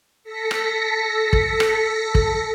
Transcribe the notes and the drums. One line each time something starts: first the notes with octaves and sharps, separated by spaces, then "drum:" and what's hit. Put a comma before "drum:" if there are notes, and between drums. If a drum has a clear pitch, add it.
A4 A#6 B6 C#7
drum: rim click
drum: kick
drum: rim click
drum: kick